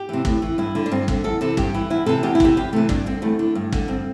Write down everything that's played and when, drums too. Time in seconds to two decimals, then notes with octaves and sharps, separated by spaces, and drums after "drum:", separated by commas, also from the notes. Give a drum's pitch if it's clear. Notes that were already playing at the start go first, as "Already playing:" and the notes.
Already playing: G4
0.09 C3 E3
0.25 A2, drum: kick
0.42 E3
0.58 G2 E4
0.75 D3
0.86 D4
0.91 G2 C4
1.08 D3, drum: kick
1.24 E2 A4
1.41 C3 E3 A4
1.57 G2 G4, drum: kick
1.74 E3 E4
1.90 E2 E4
2.06 C3 E3 A4
2.23 E2 G4
2.35 E4
2.40 C3 E3 G4, drum: kick
2.57 E2 G4
2.73 C3 E3 A3
2.89 G2 D4, drum: kick
3.06 D3 C4
3.22 E2 A3
3.39 D3
3.55 G2
3.72 D3, drum: kick
3.88 G2 C4